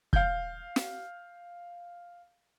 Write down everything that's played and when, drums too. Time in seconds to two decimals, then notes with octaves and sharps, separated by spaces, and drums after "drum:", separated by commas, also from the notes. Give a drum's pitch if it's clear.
0.13 F5 G6, drum: kick
0.76 drum: snare